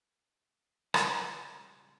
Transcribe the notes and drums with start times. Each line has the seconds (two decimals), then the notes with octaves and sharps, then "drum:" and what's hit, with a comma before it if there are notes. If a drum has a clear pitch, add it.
0.94 C#2 G3, drum: rim click